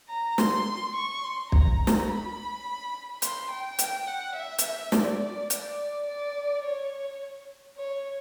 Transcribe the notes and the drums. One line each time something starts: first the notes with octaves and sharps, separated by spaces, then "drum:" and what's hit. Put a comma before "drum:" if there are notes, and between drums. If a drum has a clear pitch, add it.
A#5
C6, drum: snare
C#6
C6
A#5, drum: kick
drum: snare
B5
C6, drum: hi-hat
G5
drum: hi-hat
F#5
E5
drum: hi-hat
D5, drum: snare
D5, drum: hi-hat
D5
C#5
C#5